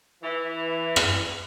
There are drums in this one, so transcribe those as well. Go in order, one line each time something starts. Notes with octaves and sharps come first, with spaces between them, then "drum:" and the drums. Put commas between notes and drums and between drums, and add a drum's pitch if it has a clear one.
E3
drum: rim click